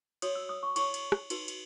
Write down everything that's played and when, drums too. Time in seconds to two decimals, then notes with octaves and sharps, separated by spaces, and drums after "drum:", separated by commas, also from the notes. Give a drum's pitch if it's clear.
0.22 F#4 C#5 D#6, drum: cymbal
0.35 E6
0.49 D#6
0.63 C#6
0.76 E4 G#4 C#5 C#6, drum: cymbal
0.94 drum: cymbal
1.12 drum: rim click
1.30 D#4 F#4 B4, drum: cymbal
1.48 drum: cymbal